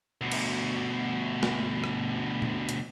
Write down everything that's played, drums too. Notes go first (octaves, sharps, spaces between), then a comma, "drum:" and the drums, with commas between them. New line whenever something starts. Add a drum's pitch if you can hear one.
D2 B2
drum: cymbal
drum: snare
drum: rim click
drum: tom A#2
drum: hi-hat